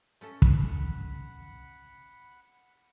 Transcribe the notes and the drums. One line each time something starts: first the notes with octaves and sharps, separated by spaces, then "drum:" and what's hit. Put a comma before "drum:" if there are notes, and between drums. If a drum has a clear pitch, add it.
A3 C#4 A4
F#5 B5, drum: kick